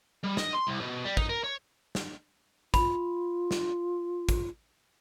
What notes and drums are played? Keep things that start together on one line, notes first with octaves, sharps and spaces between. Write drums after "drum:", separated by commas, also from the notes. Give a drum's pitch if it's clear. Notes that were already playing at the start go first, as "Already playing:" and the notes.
G3
D#5, drum: snare
C6
C2
B2
G3
D#4, drum: kick
A#4
C#5
drum: snare
F4 B5, drum: kick, hi-hat
drum: snare
drum: kick, hi-hat